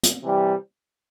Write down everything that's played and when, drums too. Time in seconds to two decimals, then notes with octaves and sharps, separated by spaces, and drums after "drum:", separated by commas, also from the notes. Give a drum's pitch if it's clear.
0.03 drum: hi-hat
0.23 C3 E3 G3